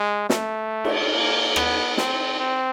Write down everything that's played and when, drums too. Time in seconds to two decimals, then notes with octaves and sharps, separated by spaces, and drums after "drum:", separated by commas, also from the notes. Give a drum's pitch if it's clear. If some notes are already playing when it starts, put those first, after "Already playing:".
Already playing: G#3
0.30 A3, drum: snare
0.84 drum: cymbal
1.14 A#3
1.56 B3, drum: rim click
1.97 C4, drum: snare
2.39 C4